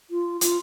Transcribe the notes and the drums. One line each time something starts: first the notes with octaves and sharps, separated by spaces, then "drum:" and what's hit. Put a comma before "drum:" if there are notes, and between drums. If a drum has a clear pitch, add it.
F4
F4, drum: hi-hat